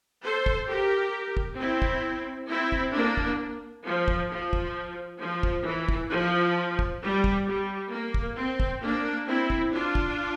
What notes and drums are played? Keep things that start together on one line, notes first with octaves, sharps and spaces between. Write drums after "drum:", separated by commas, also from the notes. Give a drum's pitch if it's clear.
A4 C5
drum: kick
G4 A#4
drum: kick
C4 E4
drum: kick
C4 E4
drum: kick
A#3 D4
drum: kick
F3
drum: kick
F3
drum: kick
F3
drum: kick
E3
drum: kick
F3
drum: kick
G3
drum: kick
G3
A#3
drum: kick
C4
drum: kick
A#3 D4
C4 E4
drum: kick
D4 F4
drum: kick